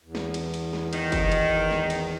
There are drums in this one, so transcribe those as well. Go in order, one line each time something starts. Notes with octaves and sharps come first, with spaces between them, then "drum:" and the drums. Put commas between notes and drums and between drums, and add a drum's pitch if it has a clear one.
E2
drum: snare
drum: cymbal
drum: cymbal
drum: snare
D#3, drum: cymbal
drum: kick F#1, cymbal
drum: cymbal
drum: snare
drum: cymbal